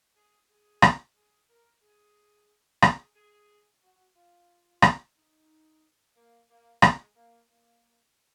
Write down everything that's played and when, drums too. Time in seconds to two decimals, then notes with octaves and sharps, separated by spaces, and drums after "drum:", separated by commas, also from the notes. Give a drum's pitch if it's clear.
0.16 G#4
0.49 G#4
0.82 drum: rim click
1.15 G#4
1.49 A#4
1.82 G#4
2.82 G#4, drum: rim click
3.16 G#4
3.82 F#4
4.16 F4
4.82 drum: rim click
5.16 D#4
6.16 A#3
6.49 A#3
6.82 G#3, drum: rim click
7.15 A#3
7.49 A#3